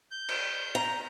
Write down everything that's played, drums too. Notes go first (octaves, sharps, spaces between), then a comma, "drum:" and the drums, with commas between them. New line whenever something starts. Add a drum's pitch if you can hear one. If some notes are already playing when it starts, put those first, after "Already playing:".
G6
drum: cymbal
A#5